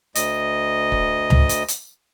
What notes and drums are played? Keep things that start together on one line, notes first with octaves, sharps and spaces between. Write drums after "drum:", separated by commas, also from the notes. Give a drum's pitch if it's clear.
D2 D#5, drum: hi-hat
drum: kick
drum: tom C#2
drum: hi-hat
drum: hi-hat